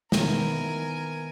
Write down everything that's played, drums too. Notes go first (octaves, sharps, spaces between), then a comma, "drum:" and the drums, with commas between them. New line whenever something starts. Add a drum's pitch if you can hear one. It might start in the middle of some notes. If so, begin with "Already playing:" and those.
D#3 B3 E4 A#4 G#5, drum: snare